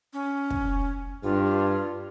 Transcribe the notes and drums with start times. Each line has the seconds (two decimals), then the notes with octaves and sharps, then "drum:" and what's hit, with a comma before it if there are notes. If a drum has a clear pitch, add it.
0.13 C#4
0.50 drum: kick
1.24 G2 F4